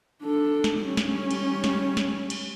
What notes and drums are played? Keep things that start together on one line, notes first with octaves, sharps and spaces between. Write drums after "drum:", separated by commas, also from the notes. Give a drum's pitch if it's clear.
D4 A4
drum: snare
G3 C#4
drum: snare
drum: cymbal
drum: snare
drum: snare
drum: cymbal